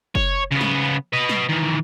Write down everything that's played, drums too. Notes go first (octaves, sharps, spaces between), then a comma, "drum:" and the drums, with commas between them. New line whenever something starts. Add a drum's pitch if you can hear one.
C#5, drum: kick F#1
C#3 B3
drum: snare
B4 D#5
drum: snare
D#3 E3